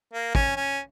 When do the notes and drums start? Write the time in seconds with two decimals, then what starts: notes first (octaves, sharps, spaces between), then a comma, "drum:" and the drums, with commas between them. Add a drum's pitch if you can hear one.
0.14 A#3
0.35 C#4, drum: kick
0.56 C#4